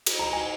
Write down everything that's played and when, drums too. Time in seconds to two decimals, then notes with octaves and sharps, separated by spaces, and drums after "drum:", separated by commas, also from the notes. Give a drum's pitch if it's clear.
0.07 drum: cymbal
0.19 A#5
0.33 G#5